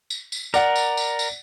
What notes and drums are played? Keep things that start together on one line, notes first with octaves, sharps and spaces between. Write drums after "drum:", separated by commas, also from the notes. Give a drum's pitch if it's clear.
drum: tambourine
drum: tambourine
A#4 D5 F#5, drum: tambourine
drum: tambourine
drum: tambourine
drum: tambourine